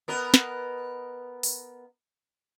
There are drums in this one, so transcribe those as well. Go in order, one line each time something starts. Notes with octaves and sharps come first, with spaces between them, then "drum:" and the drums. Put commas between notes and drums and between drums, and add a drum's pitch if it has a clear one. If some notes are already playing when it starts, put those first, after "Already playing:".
B3 A#4 D#5
drum: snare
drum: open hi-hat